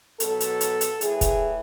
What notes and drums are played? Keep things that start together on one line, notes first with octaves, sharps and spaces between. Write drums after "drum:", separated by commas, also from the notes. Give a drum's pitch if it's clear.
B2 F#3 A4, drum: hi-hat
drum: hi-hat
drum: hi-hat
drum: hi-hat
A2 E3 G#4, drum: hi-hat
drum: kick, hi-hat